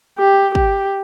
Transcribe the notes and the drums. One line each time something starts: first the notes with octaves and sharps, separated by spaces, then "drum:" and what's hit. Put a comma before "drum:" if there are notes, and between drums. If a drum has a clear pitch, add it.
G4
G4, drum: kick